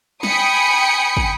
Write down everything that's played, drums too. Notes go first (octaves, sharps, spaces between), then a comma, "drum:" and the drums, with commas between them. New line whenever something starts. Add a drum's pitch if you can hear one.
G5 G#5 B5 D#6 C#7, drum: snare
drum: kick